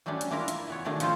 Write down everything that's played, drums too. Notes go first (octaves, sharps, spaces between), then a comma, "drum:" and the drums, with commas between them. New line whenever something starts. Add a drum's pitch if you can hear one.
F#3 G3 A3 C#4 D4
drum: hi-hat
A#3 D4 E4 F4 A#4
E4, drum: hi-hat
E3 B3 C#5
B2 D#3 A3 D4 G#4
F3 C#4 D#4 F4 A4 C5, drum: hi-hat